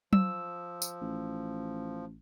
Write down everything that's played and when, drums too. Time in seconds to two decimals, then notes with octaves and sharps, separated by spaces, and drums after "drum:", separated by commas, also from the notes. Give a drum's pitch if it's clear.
0.13 F3 E6, drum: tom F#3
0.82 drum: tambourine
1.01 A1